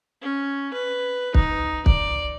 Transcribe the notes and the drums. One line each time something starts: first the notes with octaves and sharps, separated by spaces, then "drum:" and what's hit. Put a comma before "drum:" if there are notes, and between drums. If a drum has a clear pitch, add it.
C#4
B4
D#4, drum: kick
D5, drum: kick